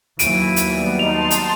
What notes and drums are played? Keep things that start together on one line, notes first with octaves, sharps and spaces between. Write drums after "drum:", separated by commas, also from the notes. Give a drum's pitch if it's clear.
D#2 E3 F#3 D7 D#7, drum: hi-hat
drum: hi-hat
G3 B3
D#4 A5 C6 F7
drum: hi-hat